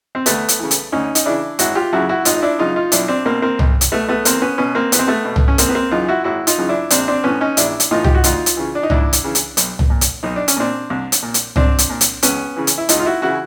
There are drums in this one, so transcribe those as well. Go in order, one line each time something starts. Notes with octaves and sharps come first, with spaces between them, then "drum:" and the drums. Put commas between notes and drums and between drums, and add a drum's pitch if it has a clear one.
C4
D2 A3 B3, drum: hi-hat
drum: hi-hat
C#3 E3
drum: hi-hat
D2 C#4 D#4
D#4, drum: hi-hat
C#3 E3 D4 E4
G#1 E4 F#4, drum: hi-hat
F4 G4
F#2 C#3 E4 F#4
E4 F#4
G#1 D#4 F4, drum: hi-hat
D#4
D4 E4
F#2 C#3 D#4 F4
D#4 F4
B1 D4 E4, drum: hi-hat
C4 D4
B2 A#3 C4
A#3 C4
B1, drum: tom C2
drum: hi-hat
B2 A3 B3
A3 B3
E2 A#3 C4, drum: hi-hat
B3 C#4
B2 B3 C#4
A#3 C4
E2 B3, drum: hi-hat
C4
A3 B3
B2
drum: tom C2
C#4
G#1 A#3 C4, drum: hi-hat
B3
A#3 C4
F#2 C#3 E3 D#4 F4
E4 F#4
G#1 E4 F#4
D#4 F4, drum: hi-hat
F#2 C#3 E3
D4 E4
A#1 C4 D4, drum: hi-hat
C4 D4
A2 E3 B3 C#4
C#4 D#4
A#1 D4 E4, drum: hi-hat
drum: hi-hat
A2 E3 D#4 F4
G4, drum: tom C2
F#4
D2 D#4 F4, drum: hi-hat
drum: hi-hat
C#3 E3
D4
D#4
D2 D4 E4, drum: tom C2
drum: hi-hat
C#3 E3
drum: hi-hat
B1, drum: hi-hat
drum: tom C2
A#2
drum: hi-hat
B1 D#4
D4
C#4, drum: hi-hat
A#2 C4 D4
C2
drum: hi-hat
A#2
drum: hi-hat
C2 C4 D4, drum: tom C2
drum: hi-hat
A#2
drum: hi-hat
C#2 B3 C#4, drum: hi-hat
C#3 E3
drum: hi-hat
E4
C#2 D#4 F4, drum: hi-hat
F4
E4 F#4
C#3 E3 E4 F#4